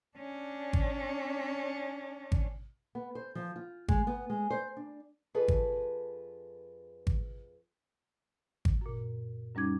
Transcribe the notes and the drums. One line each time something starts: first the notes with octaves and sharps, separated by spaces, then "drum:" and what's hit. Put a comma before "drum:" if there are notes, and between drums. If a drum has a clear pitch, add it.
C#4 D4
drum: kick G#1
drum: kick G#1
B3
C5
F3
F4
G#3, drum: kick G#1
B3
G#3
C5
D4
F2 G#4 A4 B4
drum: kick G#1
drum: kick G#1
drum: kick G#1
F#2 A#2
F#2 G3 C#4 D#4 D6 G#6